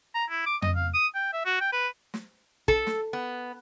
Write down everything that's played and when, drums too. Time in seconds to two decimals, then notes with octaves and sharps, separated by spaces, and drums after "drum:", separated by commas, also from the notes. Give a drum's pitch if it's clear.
0.15 A#5
0.30 E4
0.46 D6
0.62 D#5, drum: tom F2
0.76 F5
0.94 D#6
1.15 G5
1.33 E5
1.46 F#4
1.60 G5
1.72 B4
2.14 drum: snare
2.68 A4, drum: kick
2.87 drum: snare
3.13 B3